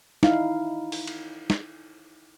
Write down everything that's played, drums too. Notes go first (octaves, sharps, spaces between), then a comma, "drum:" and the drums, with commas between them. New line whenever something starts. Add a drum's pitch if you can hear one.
D#4 E4 F5, drum: snare
drum: open hi-hat
drum: cymbal
drum: snare